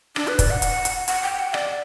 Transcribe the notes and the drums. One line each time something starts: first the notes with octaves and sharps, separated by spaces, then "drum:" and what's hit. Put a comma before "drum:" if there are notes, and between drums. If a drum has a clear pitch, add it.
D4, drum: rim click
B4
D5, drum: kick, hi-hat
F#5
drum: hi-hat
drum: hi-hat
F#5, drum: hi-hat
G5
F#5
D5, drum: rim click